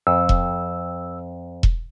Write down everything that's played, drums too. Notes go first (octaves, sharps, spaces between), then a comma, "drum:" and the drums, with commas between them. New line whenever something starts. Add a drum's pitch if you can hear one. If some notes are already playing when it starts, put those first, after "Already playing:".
F2 E6
drum: kick E1
drum: kick E1